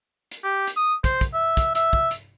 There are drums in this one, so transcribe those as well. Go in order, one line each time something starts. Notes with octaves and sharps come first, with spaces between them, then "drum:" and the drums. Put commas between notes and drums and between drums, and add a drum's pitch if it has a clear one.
drum: hi-hat
G4
drum: hi-hat
D#6
C5, drum: kick, hi-hat
drum: kick, hi-hat
E5
drum: kick, hi-hat
E5, drum: hi-hat
drum: kick
drum: hi-hat